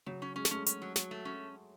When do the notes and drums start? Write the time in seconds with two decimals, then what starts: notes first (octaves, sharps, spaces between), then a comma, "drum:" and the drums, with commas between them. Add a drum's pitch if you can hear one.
0.06 C#3 F#3
0.22 C#4
0.36 G#3 C#4
0.45 A3, drum: snare
0.51 G#3 C#4
0.66 C#4, drum: hi-hat
0.82 F#3
0.96 F#3, drum: snare
1.11 A3
1.25 C#4